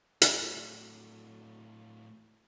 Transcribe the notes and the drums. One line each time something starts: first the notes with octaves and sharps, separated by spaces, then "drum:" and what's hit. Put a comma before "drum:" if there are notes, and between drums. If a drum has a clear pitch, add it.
A2 F#3, drum: hi-hat